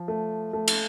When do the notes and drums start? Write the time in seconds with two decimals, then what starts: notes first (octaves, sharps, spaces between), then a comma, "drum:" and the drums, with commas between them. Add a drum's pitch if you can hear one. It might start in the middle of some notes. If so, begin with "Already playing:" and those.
Already playing: F3
0.08 A3
0.53 A3
0.68 drum: cymbal